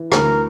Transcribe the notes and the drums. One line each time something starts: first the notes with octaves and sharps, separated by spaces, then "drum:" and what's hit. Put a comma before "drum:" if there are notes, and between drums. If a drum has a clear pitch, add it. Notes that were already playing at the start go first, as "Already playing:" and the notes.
Already playing: E3
D2 A#4, drum: rim click